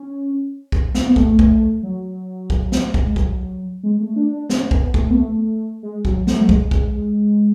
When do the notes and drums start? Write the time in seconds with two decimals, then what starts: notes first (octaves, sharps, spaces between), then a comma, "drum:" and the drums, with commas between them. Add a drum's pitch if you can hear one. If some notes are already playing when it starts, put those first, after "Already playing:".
Already playing: C#4
0.72 drum: kick
0.95 drum: snare
1.06 B3
1.16 A3, drum: kick
1.39 drum: kick
1.83 F#3
2.50 drum: kick
2.72 drum: snare
2.94 drum: kick
3.06 G#3
3.16 F#3, drum: kick
3.83 G#3
4.00 A3
4.16 D4
4.33 D4
4.50 C#4, drum: snare
4.71 B3, drum: kick
4.94 A3, drum: kick
5.10 B3
5.16 A3
5.83 G#3
6.05 F#3, drum: kick
6.27 A3, drum: snare
6.41 F#3
6.49 G#3, drum: kick
6.71 drum: kick